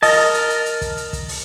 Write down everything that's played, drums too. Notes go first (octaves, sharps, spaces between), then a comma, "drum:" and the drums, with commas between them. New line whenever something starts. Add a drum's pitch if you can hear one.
A#4 D#5 A5, drum: open hi-hat
drum: hi-hat
drum: hi-hat
drum: hi-hat
drum: kick, hi-hat
drum: hi-hat
drum: kick, hi-hat
drum: open hi-hat